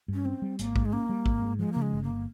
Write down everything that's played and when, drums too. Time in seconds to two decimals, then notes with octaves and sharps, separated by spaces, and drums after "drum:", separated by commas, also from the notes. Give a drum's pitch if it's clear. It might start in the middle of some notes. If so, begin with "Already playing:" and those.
0.08 G2
0.14 C#4
0.25 C4 C#4
0.42 G3
0.59 G#1 A#3, drum: hi-hat
0.76 G#2, drum: kick A1
0.85 G#3
0.93 A#3 C#4
1.09 G3
1.26 G#1, drum: kick A1
1.42 G#2
1.59 F3 G#3
1.72 C#3 A#3
1.82 G#3
1.93 G1
2.04 A#3